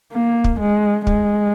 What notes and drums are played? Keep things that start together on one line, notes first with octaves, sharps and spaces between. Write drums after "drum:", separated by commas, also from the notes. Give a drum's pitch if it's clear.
A#3
drum: kick
G#3
G#3, drum: kick